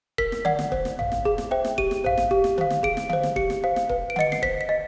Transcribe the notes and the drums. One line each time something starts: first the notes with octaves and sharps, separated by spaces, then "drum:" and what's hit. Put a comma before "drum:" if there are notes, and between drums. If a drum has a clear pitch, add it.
A#4 B6, drum: kick
drum: snare
D5 F#5, drum: tom D3
drum: snare
C5, drum: kick
drum: snare
F5, drum: tom A1
drum: snare
G#4, drum: kick
drum: snare
C5 E5 G5
drum: snare
G4 D#7, drum: kick
drum: snare
C5 F5, drum: tom A1
drum: snare
G4, drum: kick
drum: snare
C5 F5, drum: tom D3
drum: snare
G#4 D7, drum: kick
drum: snare
C5 F5, drum: tom D3
drum: snare
G4 C#7, drum: kick
drum: snare
C5 F5
drum: snare
B4, drum: kick
D7
D#5 F#5 C#7, drum: tom D3
C7, drum: snare
C5 B6, drum: kick
B6
D#5